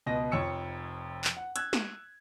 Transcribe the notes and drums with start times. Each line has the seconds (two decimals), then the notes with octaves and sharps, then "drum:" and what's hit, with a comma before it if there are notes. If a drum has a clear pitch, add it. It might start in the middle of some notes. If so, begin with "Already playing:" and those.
0.06 C#2 B2 D#5 A#6
0.32 F1 F2 C#5 E6 C#7
1.24 drum: clap
1.37 F#5
1.56 E6 F#6 G#6, drum: hi-hat
1.73 drum: snare